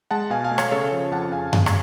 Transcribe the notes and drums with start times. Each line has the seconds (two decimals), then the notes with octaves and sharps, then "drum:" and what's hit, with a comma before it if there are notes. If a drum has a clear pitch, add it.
0.11 G#3 F#5 A5
0.30 B2 F5 G#5
0.44 F5 G#5
0.51 A3
0.58 C#5 F5, drum: rim click
0.71 C#3 A4 C#5
0.92 F3
1.12 F2 F#5 A5
1.32 C#3 F5 G#5
1.53 C#3, drum: tom F#2
1.66 drum: rim click